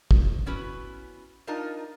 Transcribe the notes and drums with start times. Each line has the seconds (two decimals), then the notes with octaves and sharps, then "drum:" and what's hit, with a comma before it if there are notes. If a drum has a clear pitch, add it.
0.11 drum: kick
0.46 B3 C#4 E4 F#4 B4
1.47 D4 D#4 F4 A#4 D#5 A5